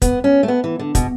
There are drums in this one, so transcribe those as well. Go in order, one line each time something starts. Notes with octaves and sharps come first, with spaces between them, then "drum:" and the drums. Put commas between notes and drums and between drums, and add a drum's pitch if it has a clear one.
B3, drum: kick, hi-hat
C#4
A3
B3
E3
D3
B2, drum: kick, hi-hat